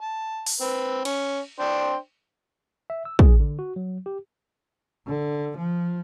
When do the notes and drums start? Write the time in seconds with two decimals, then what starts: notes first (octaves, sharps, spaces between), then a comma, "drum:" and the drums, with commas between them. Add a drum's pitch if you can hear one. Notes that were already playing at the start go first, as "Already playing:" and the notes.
0.02 A5
0.46 drum: open hi-hat
0.61 C4 B4
1.05 C#4, drum: cymbal
1.60 D4 C5 G5
2.90 E5
3.05 E6
3.19 G#4, drum: kick
3.40 D3
3.59 F#4
3.76 F#3
4.06 G4
5.07 D3
5.58 F3